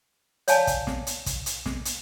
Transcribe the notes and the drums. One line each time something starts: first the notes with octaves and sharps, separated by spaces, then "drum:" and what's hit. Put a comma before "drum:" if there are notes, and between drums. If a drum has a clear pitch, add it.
C#5 D5 F5 G#5 A5, drum: hi-hat
drum: kick, hi-hat
drum: snare
drum: hi-hat
drum: kick, hi-hat
drum: hi-hat
drum: snare
drum: hi-hat